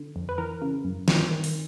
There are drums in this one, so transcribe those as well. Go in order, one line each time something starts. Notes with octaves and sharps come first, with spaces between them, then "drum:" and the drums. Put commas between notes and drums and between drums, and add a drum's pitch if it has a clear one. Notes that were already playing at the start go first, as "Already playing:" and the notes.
Already playing: D3
F2
B4
E3 A#4
C#3
F#2
G2, drum: snare
D#3
drum: open hi-hat